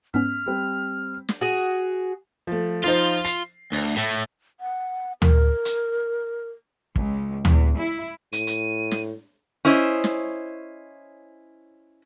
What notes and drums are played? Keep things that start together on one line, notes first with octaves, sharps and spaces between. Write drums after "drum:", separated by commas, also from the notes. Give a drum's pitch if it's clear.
G#2 B3 C#4 F6 B6
G3 C4
drum: snare
F#4 G#4
F3 A3
F3 D#4 F4 C5
C7, drum: hi-hat
D2, drum: open hi-hat
A2 A3
F#5
A#4, drum: tom
drum: hi-hat
C#2, drum: kick
E2, drum: tom
E4
A2 D#7, drum: hi-hat
drum: hi-hat
drum: snare
C#4 E4 C5 D#5
drum: snare